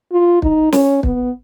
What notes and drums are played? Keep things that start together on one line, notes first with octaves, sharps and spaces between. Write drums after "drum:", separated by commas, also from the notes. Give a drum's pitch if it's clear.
F4
D#4, drum: kick
C#4, drum: snare
B3, drum: kick